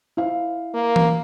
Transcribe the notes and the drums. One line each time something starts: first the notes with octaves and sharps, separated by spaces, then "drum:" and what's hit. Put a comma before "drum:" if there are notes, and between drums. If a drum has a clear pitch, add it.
E4 C5 F5
A#3
drum: tom E3